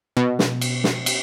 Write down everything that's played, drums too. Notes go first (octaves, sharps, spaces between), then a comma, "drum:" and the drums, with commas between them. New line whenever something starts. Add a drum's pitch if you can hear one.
B2
drum: snare
drum: cymbal
drum: snare
drum: cymbal